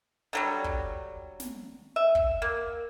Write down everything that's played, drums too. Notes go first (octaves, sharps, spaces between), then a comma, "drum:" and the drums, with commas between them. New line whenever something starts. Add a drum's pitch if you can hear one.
D3 F#3 G3
drum: kick
drum: snare
E5
drum: kick
A#3